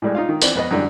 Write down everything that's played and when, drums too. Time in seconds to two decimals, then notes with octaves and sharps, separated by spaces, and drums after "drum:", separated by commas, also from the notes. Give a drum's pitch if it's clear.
0.02 A2 G3 G#3
0.15 D#4 F4 F5
0.29 D#3
0.42 E3 B3 C4 D4 B4 D5, drum: tambourine
0.55 F2 B3 D#5
0.71 F#2 D3 E3 G3